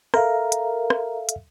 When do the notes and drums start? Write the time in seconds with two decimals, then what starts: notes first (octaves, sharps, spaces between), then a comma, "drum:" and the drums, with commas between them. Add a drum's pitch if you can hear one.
0.14 A4 A#4 E5 F5, drum: rim click
0.52 drum: hi-hat
0.90 drum: rim click
1.29 drum: hi-hat